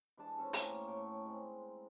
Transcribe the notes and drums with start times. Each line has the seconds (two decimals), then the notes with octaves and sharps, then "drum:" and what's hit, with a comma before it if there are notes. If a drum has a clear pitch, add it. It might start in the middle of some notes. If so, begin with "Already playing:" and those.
0.17 E3 G#3 D4 A5
0.38 C4 C#4 A4
0.53 A2 A#3 C#5, drum: open hi-hat
0.87 A2 G5 A5 C#6
1.25 G#3 C4